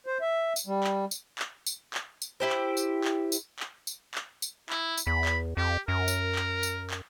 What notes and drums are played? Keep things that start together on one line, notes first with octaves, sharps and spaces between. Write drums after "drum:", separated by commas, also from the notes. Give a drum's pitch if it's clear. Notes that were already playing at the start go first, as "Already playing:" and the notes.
C5
E5
drum: tambourine
G3
drum: clap
drum: tambourine
drum: clap
drum: tambourine
drum: clap
drum: tambourine
E4 G4 C5
drum: clap
drum: tambourine
drum: clap
drum: tambourine
drum: clap
drum: tambourine
drum: clap
drum: tambourine
E4, drum: clap
drum: tambourine
E2 B5
drum: clap
F2 G4
F#2 A#4
drum: tambourine
drum: clap
drum: tambourine
drum: clap